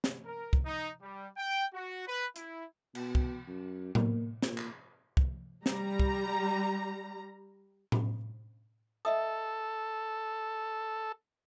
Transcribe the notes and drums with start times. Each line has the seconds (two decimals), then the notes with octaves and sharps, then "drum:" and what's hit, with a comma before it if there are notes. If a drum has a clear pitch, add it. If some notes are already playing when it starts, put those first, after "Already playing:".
0.04 drum: snare
0.25 A#4
0.53 drum: kick C2
0.65 D#4
1.02 G3
1.37 G5
1.74 F#4
2.06 B4
2.36 E4, drum: hi-hat
2.95 B2, drum: cymbal
3.15 drum: kick C2
3.48 F#2
3.95 A#3, drum: tom A2
4.42 A#2, drum: snare
4.58 drum: clap
5.17 drum: kick C2
5.66 G3 A#5, drum: snare
5.99 drum: kick C2
7.92 drum: tom A2
9.05 A4 D#5 E5 D#6